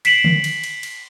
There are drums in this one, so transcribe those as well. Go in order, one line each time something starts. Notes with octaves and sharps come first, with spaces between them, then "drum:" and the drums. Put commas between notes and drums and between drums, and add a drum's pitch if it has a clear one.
B6 C7 D7 E7 F#7, drum: cymbal
drum: tom D3
drum: cymbal
drum: cymbal
drum: cymbal